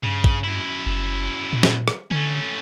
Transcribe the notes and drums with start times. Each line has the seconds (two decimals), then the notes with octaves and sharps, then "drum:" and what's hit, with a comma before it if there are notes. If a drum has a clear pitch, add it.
0.03 G2 C#3
0.24 drum: kick A1
0.44 F#2 E4
0.86 F#1
1.53 A#2
1.63 drum: snare
1.88 drum: rim click
2.11 D3 A3 C#4